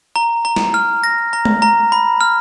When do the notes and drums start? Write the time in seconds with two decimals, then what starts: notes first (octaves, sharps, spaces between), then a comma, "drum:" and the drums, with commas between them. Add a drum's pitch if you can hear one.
0.16 A#5
0.45 A#5
0.56 drum: snare
0.74 F6
1.04 A#6
1.33 A#5
1.45 drum: tom G#3
1.62 A#5
1.92 B5
2.21 F6